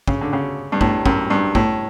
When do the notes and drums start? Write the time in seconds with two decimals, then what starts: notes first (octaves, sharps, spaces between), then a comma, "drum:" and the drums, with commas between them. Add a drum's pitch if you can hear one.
0.08 C#3, drum: kick
0.21 D3
0.33 C#3
0.72 G2
0.81 A2, drum: kick
1.06 F#2, drum: kick
1.30 G2
1.55 A2, drum: kick